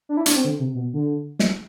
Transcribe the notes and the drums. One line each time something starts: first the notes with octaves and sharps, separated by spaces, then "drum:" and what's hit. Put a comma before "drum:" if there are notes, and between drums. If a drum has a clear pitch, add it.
D4
E4
D4, drum: hi-hat
C4
D3
C3
B2
D3
drum: snare